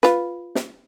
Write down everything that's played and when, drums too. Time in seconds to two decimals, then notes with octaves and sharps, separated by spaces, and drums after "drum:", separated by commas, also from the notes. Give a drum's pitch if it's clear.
0.03 F4 B4, drum: snare
0.55 drum: snare